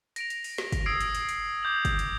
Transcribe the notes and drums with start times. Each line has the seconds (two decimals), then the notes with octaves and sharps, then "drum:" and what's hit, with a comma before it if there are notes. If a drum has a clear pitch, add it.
0.16 A#6 D7 F7, drum: hi-hat
0.30 drum: hi-hat
0.44 drum: open hi-hat
0.58 drum: snare
0.72 drum: kick, hi-hat
0.86 D#6 E6 G#6 C7 D7
1.01 drum: hi-hat
1.15 drum: hi-hat
1.29 drum: hi-hat
1.63 D6 G6 F7 F#7
1.85 drum: kick, hi-hat
1.99 drum: hi-hat